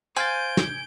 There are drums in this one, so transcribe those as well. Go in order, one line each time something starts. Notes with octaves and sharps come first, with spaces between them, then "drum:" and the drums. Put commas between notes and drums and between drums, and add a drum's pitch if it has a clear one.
C5 F5 G#5 G6 A6 D7
drum: snare